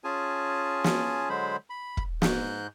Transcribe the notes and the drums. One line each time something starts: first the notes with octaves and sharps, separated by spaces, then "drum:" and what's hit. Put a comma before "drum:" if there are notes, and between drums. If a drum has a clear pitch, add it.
C#4 F4 G#4 G#5 A5
drum: snare
D3 F#3 G#3 C5 B5
B5
drum: kick
G#2 F#6 G6, drum: snare